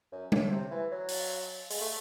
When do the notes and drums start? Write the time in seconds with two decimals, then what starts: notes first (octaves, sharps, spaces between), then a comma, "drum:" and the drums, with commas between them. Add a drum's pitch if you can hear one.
0.12 F#2
0.32 A2, drum: tom G3
0.51 C3
0.71 E3
0.92 F#3
1.08 drum: open hi-hat
1.70 G#3, drum: open hi-hat
1.81 A3